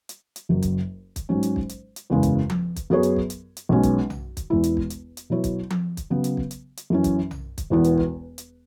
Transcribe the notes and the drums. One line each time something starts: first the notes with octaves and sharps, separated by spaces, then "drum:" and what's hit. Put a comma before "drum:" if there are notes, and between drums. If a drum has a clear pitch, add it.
drum: hi-hat
drum: hi-hat
F#1 F#2 F#3
drum: kick, hi-hat
drum: kick, hi-hat
G#2 F#3 C#4
drum: hi-hat
drum: kick
drum: hi-hat
drum: hi-hat
F#1 E2 C#3 G#3
drum: kick, hi-hat
drum: tom F3
drum: kick, hi-hat
F#2 F#3 B3 G#4 C#5
drum: hi-hat
drum: kick
drum: hi-hat
drum: hi-hat
B1 B2 G#3 C#4
drum: kick, hi-hat
drum: tom B1
drum: kick, hi-hat
E1 E2 E3 G#3 E4
drum: hi-hat
drum: kick
drum: hi-hat
drum: hi-hat
B2 F#3 E4 C#5
drum: kick, hi-hat
drum: tom F3
drum: kick, hi-hat
C#3 F#3 B3
drum: hi-hat
drum: kick
drum: hi-hat
drum: hi-hat
F#2 E3 C#4
drum: kick, hi-hat
drum: tom B1
drum: kick, hi-hat
E1 E2 E3 B3
drum: hi-hat
drum: kick
drum: hi-hat